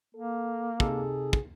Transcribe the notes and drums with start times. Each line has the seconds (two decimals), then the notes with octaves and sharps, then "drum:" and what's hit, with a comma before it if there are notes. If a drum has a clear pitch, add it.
0.15 A#3 A4
0.80 C3 D#4 G#4 A4, drum: kick
1.33 drum: kick